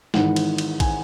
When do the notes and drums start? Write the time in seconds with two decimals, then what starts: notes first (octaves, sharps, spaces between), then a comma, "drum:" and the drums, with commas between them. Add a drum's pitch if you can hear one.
0.14 G#1 G#2 E3 F#5, drum: snare
0.36 drum: cymbal
0.58 drum: cymbal
0.80 G#5, drum: kick, cymbal